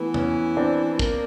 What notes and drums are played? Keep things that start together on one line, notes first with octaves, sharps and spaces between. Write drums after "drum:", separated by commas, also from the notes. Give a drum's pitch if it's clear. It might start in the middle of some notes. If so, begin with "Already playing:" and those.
Already playing: E3 A3 B3
B3 C#4, drum: tom E2
C4 D4
A#3, drum: kick